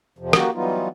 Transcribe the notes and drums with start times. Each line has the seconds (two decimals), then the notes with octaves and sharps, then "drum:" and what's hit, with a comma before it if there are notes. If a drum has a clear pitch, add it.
0.19 F2 C3 F3
0.33 A#3 F#4 G4, drum: rim click
0.54 E3 F#3 G3 B3 D#4 F4